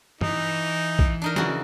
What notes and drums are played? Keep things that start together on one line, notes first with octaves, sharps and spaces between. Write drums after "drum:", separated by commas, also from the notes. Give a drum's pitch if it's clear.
E3 D#4, drum: tom
drum: kick
D4 D#4 A#4
C#3 E3 F#4, drum: snare